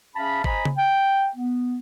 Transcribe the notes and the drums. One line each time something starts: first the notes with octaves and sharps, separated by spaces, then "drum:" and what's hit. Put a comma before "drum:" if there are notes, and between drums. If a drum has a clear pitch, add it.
C#4 G#4 E5 F5 A5 B5
C5 D#5 G#5 A#5 B5, drum: kick G#1
drum: tom C#3
G5
B3